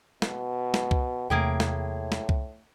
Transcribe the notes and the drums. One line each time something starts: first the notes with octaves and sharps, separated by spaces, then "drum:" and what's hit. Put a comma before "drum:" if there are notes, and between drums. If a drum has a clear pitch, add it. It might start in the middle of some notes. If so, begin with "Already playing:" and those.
B2, drum: snare
drum: snare
drum: kick C2
E2 A2 C3 A3 A#3 G#4 G5
drum: snare
drum: snare
drum: kick C2